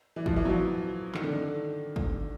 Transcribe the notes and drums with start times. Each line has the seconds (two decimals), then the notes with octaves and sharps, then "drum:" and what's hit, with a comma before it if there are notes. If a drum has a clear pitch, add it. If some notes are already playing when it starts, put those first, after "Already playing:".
0.16 E3
0.26 F3, drum: kick
0.36 E3
0.45 F#3
0.49 F3
1.15 D#3, drum: clap
1.24 D3
1.33 D#3
1.96 drum: kick